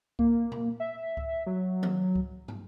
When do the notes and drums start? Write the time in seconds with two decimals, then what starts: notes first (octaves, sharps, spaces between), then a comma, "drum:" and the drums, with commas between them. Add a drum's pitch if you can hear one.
0.19 A#3, drum: kick C#2
0.52 drum: tom A#2
0.80 E5
1.17 drum: kick C#2
1.47 F#3
1.83 drum: tom D#3
2.15 drum: kick C#2
2.48 drum: tom